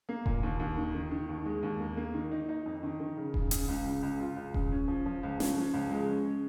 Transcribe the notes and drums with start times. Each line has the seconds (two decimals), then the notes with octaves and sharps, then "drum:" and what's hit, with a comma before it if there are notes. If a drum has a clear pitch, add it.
0.09 A#3
0.26 A#2, drum: kick D#1
0.43 D#2
0.60 D#2
0.77 D#3
0.94 D#3
1.11 D#3
1.29 D#2
1.45 G#3
1.63 D#2
1.80 A#3
1.97 A#3
2.14 D#3
2.31 D#4
2.49 D#4
2.66 F2
2.83 D#3
3.00 D#3
3.17 C#3
3.34 C#3, drum: kick D#1
3.51 C#3, drum: hi-hat
3.68 C#2
3.86 C#3
4.03 C#2
4.20 F4
4.37 C#2
4.54 C#3, drum: kick D#1
4.72 C#4
4.88 F3
5.06 F3
5.23 C#2
5.40 C#4, drum: snare
5.57 F3
5.74 C#2
5.91 G#3
6.08 C#4